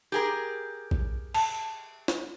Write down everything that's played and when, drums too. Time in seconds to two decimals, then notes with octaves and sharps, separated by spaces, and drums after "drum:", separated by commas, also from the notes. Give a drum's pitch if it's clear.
0.12 G4 G#4 A#4
0.91 drum: kick A#1
1.34 A5, drum: cymbal
2.08 drum: snare